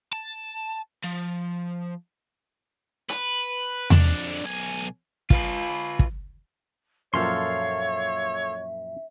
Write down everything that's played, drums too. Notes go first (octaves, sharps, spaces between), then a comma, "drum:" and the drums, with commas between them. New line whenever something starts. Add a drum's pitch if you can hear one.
A5
F3
B4, drum: hi-hat
F2 D4, drum: tom E2
B1 G#5
F4 B4, drum: kick
drum: kick
F#2 A#2 F3 A4 C#5 E5 F5 C6